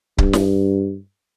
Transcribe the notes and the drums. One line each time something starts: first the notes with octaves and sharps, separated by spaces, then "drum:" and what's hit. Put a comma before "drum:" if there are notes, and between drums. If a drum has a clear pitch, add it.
G2, drum: kick C#1
drum: snare